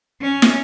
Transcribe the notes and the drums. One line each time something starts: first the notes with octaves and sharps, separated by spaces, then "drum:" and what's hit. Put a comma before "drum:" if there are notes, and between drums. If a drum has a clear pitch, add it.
C#4
drum: snare